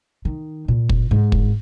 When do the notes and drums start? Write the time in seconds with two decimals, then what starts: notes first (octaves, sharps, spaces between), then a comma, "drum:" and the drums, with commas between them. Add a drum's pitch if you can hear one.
0.25 D#3
0.68 A#2
0.89 drum: kick
1.11 G#2
1.32 drum: kick